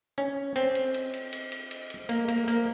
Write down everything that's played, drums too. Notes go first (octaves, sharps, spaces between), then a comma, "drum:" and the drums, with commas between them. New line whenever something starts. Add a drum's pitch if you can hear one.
C#4
C4, drum: cymbal
drum: cymbal
drum: cymbal
drum: cymbal
drum: cymbal
drum: cymbal
drum: cymbal
drum: cymbal
A#3, drum: cymbal
A#3, drum: cymbal
A#3, drum: cymbal